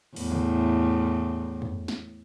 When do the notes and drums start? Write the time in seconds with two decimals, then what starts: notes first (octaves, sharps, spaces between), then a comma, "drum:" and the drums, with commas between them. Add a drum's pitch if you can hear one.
0.16 E2 A2, drum: open hi-hat
0.32 drum: tom C3
1.62 drum: tom F2
1.88 drum: snare